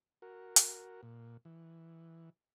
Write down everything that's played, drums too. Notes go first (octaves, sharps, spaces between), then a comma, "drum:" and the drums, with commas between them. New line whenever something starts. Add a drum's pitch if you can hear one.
F#4 A#4
drum: hi-hat
A#2
E3